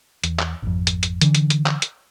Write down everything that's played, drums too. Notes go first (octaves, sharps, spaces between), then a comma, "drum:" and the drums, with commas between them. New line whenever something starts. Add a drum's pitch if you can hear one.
E2, drum: hi-hat
drum: clap
G#1 F2
drum: hi-hat
drum: hi-hat
D3 E3, drum: hi-hat
drum: hi-hat
drum: hi-hat
drum: clap
drum: hi-hat